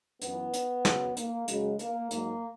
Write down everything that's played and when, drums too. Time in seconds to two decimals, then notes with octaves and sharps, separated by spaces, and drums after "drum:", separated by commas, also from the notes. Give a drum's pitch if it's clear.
0.22 F#2 E3 B3, drum: hi-hat
0.53 drum: hi-hat
0.85 F#2 C#3 F#3, drum: snare
1.17 A#3, drum: hi-hat
1.48 F#2 C#3 F#3 G#3, drum: hi-hat
1.79 A#3, drum: hi-hat
2.11 G#2 F#3 A#3, drum: hi-hat